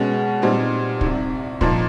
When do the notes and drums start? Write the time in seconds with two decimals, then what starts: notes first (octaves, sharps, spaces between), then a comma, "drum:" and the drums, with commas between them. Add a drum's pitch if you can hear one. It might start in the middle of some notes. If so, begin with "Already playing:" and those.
Already playing: B2 G#3 C#4
0.42 A#2 G3 C4 D#4
1.01 C2 C3 D#3, drum: kick
1.61 A#2 F3 A#3 D#4, drum: kick